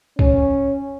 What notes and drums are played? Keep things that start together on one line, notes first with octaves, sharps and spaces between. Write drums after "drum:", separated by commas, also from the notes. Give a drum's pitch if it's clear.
C#4, drum: kick C2